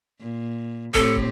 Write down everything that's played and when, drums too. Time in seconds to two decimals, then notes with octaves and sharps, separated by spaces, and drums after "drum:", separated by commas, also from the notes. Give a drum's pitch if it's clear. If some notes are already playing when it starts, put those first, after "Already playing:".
0.20 A#2
0.94 A2 C4 G4 A4, drum: kick
1.16 drum: kick